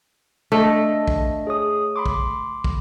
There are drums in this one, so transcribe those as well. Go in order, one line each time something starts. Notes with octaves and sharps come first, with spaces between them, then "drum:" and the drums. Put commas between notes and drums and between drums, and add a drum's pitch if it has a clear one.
A3 D4 D#5 A5
drum: kick
G#4 C#5 D#6
B5 C6 D6
drum: kick
drum: kick